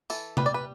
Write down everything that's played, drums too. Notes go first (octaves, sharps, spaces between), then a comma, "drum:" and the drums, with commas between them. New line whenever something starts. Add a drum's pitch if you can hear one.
E3 A4, drum: tambourine
G3 B4, drum: tom C3
D5
B4